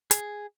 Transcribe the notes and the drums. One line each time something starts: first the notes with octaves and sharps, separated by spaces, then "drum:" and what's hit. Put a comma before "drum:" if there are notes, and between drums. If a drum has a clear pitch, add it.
G#4, drum: hi-hat